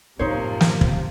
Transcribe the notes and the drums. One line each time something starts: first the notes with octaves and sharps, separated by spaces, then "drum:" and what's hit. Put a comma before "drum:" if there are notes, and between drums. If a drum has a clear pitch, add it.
F#2 A2 C3 F3 A#3 D#4 C5 C#5
drum: snare
drum: kick